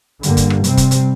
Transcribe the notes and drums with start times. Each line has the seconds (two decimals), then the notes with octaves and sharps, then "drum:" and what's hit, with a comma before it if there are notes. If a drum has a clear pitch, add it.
0.23 G2 D3 G3 A#3, drum: hi-hat
0.37 drum: kick, hi-hat
0.50 drum: rim click
0.64 C3 G3 C4, drum: hi-hat
0.77 drum: kick, hi-hat
0.91 drum: hi-hat